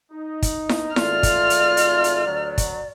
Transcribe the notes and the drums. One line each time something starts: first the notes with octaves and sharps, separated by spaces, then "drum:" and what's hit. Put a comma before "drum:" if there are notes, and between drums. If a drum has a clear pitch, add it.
D#4
drum: kick, hi-hat
drum: snare E4
G#1 A3 F4 D5 F6, drum: snare E4
drum: kick, hi-hat
drum: hi-hat
drum: hi-hat
drum: hi-hat
D2 F#3
drum: kick, hi-hat